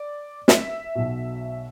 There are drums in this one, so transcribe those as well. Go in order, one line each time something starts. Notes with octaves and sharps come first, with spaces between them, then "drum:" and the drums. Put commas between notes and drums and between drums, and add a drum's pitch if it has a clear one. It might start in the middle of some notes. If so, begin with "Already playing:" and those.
Already playing: D5
E5, drum: snare
B1 B2